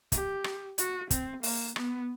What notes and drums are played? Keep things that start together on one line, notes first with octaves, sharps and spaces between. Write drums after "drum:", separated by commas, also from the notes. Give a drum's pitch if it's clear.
G4, drum: kick, hi-hat
drum: rim click
F#4, drum: hi-hat
C4, drum: kick, hi-hat
A#3, drum: open hi-hat
B3, drum: rim click